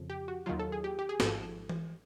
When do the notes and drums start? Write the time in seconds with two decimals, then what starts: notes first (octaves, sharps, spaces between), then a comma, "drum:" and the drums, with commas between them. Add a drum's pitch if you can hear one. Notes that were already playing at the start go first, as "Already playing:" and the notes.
Already playing: F2 C#3 F3
0.10 G4
0.28 F#4
0.46 D#2 D#3 F#3 F4
0.59 A4
0.72 G#4
0.84 G4
0.99 G4
1.09 G#4
1.20 G#1 G#2 F3 A4, drum: snare
1.69 drum: tom E3